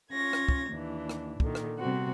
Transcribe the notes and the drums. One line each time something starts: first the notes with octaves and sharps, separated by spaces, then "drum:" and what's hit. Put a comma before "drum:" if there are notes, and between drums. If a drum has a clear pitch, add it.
C#4 F4 G#6 A#6
drum: rim click
drum: kick
D#2 E3 D4
drum: rim click
A#2 D3 D#3, drum: kick
drum: rim click
C3 G3 B3 C4 F#4